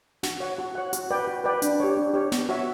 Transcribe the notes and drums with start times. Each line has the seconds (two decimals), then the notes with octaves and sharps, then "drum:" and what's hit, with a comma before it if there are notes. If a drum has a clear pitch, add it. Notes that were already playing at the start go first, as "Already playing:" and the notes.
0.23 F#4, drum: snare
0.40 C#5 F#5
0.58 F#4
0.75 C#5 F#5
0.93 F#4, drum: hi-hat
1.11 B4 D5 G5
1.27 F#4
1.44 B4 D5 G5
1.62 D4, drum: hi-hat
1.80 G4 C#5
1.97 D4
2.14 G4 C#5
2.32 B3, drum: snare
2.49 F#4 C#5 E5